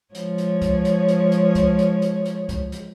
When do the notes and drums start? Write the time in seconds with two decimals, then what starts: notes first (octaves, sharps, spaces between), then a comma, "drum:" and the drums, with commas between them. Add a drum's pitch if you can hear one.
0.15 F3 G#3 C#5, drum: hi-hat
0.38 drum: hi-hat
0.62 drum: kick C2, hi-hat
0.85 drum: hi-hat
1.08 drum: hi-hat
1.32 drum: hi-hat
1.55 drum: kick C2, hi-hat
1.79 drum: hi-hat
2.02 drum: hi-hat
2.25 drum: hi-hat
2.49 drum: kick C2, hi-hat
2.72 drum: hi-hat